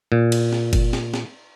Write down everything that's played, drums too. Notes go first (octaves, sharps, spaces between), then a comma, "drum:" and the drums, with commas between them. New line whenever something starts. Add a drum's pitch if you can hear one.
A#2
drum: cymbal
drum: snare
drum: kick F#1, cymbal
drum: snare
drum: snare